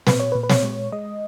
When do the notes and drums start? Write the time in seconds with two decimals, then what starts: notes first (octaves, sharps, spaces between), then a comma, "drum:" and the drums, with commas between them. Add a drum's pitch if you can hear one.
0.07 A#2 B4, drum: snare
0.20 C#5
0.32 B4
0.35 A#2
0.43 B4
0.50 C#5, drum: snare
0.63 G#3
0.92 G#3 D#5